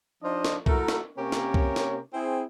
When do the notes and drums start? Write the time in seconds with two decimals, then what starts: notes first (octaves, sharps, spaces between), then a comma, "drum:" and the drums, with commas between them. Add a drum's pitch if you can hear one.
0.23 F3 D4 D#4 F4 C5 D#5
0.45 drum: snare
0.66 A3 E4 F#4 A4 A#4, drum: kick C2
0.88 drum: snare
1.18 C3 A#3 C#4 G4 A#4 C#5
1.32 drum: snare
1.54 drum: kick C2
1.76 drum: snare
2.14 C4 E4 G#4